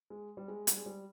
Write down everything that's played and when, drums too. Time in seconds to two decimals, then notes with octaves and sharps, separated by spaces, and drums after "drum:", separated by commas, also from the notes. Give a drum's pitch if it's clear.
0.10 G#3
0.37 G3
0.48 G#3
0.67 G3, drum: hi-hat
0.77 G#3
0.86 G3